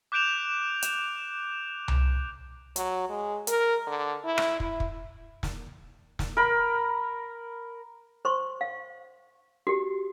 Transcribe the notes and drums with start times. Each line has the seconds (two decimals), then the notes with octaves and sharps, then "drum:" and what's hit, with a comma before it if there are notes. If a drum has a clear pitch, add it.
0.12 D6 F#6 G6 D7 E7 F7
0.82 drum: hi-hat
1.88 drum: tom C2
2.76 F#3, drum: hi-hat
3.09 G#3
3.47 A#4, drum: hi-hat
3.87 D3
4.25 E4
4.38 drum: rim click
4.60 E4, drum: kick
4.80 drum: kick
5.43 drum: snare
6.19 drum: snare
6.37 A#4 B5
8.25 C5 C6 C#6
8.61 F5
9.67 F#4 G4